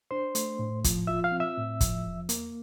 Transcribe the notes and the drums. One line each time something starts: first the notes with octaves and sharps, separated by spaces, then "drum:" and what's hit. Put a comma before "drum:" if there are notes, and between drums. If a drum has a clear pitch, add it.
D4 C5 C6
A3, drum: hi-hat
A2
F3, drum: kick, hi-hat
F4 E5 E6
F5 F6
C4
E5 E6
A2
F3, drum: kick, hi-hat
E2
A#3, drum: hi-hat